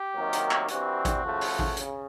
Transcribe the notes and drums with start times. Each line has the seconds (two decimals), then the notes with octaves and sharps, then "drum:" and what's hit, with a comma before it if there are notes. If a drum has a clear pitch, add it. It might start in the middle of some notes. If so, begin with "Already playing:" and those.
Already playing: G4
0.15 C3 D#3 F#3 A#3
0.33 drum: hi-hat
0.51 drum: clap
0.68 G2 E3 G3 C4 F#4, drum: hi-hat
1.05 drum: kick A1, hi-hat
1.23 C#3 F3 A3
1.41 drum: open hi-hat
1.59 drum: kick A1
1.77 C#3, drum: hi-hat